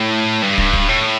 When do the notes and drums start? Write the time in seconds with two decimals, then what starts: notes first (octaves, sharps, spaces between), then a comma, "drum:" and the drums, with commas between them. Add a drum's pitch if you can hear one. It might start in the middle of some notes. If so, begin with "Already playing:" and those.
Already playing: A2
0.42 G2
0.58 drum: kick
0.73 drum: kick
0.88 A2